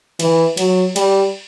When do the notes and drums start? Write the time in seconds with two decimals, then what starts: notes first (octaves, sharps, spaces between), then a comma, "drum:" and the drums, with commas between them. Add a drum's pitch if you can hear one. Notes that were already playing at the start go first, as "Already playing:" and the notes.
0.20 E3, drum: cymbal
0.57 F#3, drum: cymbal
0.96 G3, drum: cymbal